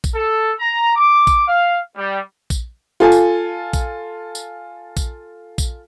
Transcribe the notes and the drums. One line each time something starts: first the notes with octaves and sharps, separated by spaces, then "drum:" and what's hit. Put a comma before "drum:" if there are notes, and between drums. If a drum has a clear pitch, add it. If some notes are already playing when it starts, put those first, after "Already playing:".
drum: kick A#1, tambourine
A4
A#5
D6
drum: kick A#1, tambourine
F5
G3
drum: kick A#1, tambourine
F4 A4 G#5
drum: tambourine
drum: kick A#1, tambourine
drum: tambourine
drum: kick A#1, tambourine
drum: kick A#1, tambourine